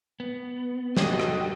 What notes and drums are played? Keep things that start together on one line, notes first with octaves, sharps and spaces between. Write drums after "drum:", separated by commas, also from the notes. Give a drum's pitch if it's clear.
B3
F#4 G4 A4 D#5, drum: snare
drum: rim click